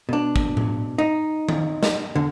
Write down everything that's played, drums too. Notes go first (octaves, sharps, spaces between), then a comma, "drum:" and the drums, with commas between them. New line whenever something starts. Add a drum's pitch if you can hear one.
B2 D4
drum: kick
drum: tom A2
D#4
drum: tom D#3
drum: snare
E2 D3